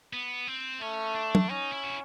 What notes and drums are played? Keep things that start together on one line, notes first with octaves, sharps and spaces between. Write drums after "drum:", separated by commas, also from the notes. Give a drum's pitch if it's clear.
B3
C4
A3 C#4
D4
drum: tom
C#4 D#4
E4
F#4